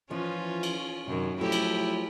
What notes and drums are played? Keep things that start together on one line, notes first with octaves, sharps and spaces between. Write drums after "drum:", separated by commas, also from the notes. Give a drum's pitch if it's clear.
E3 F3 C#4 F4
drum: cymbal
F#2 C3 D#3
F3 F#3 A3 E4 G4
drum: cymbal